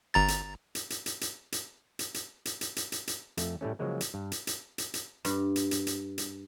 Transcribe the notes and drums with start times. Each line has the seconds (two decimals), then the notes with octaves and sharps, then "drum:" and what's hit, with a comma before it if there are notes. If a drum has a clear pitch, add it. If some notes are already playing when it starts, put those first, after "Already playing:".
0.14 G1 A#5 A6
0.28 drum: hi-hat
0.75 drum: hi-hat
0.90 drum: hi-hat
1.06 drum: hi-hat
1.21 drum: hi-hat
1.52 drum: hi-hat
1.99 drum: hi-hat
2.14 drum: hi-hat
2.45 drum: hi-hat
2.61 drum: hi-hat
2.76 drum: hi-hat
2.92 drum: hi-hat
3.07 drum: hi-hat
3.37 F2 A3, drum: hi-hat
3.61 A2 G3 A3 C#4
3.79 C#3 F3 F#3 G#3 A#3
4.01 drum: hi-hat
4.14 G2
4.32 drum: hi-hat
4.47 drum: hi-hat
4.78 drum: hi-hat
4.94 drum: hi-hat
5.25 G2, drum: hi-hat
5.56 drum: hi-hat
5.71 drum: hi-hat
5.87 drum: hi-hat
6.18 drum: hi-hat